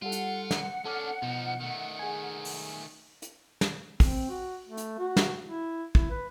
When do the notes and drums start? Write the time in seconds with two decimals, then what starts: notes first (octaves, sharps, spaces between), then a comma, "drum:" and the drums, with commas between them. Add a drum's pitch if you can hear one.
0.02 G3 F4 A4 F#5
0.12 drum: hi-hat
0.51 drum: snare
0.85 C#4 D4 A4 D6 F6
1.22 B2 F3 D#4
1.60 D#3 A3
1.99 G#4 G#5
2.45 drum: open hi-hat
3.22 drum: hi-hat
3.61 drum: snare
4.00 C4, drum: kick, open hi-hat
4.30 F#4
4.68 A3
4.78 drum: hi-hat
4.99 F#4
5.17 drum: snare
5.47 E4
5.95 E4, drum: kick
6.11 B4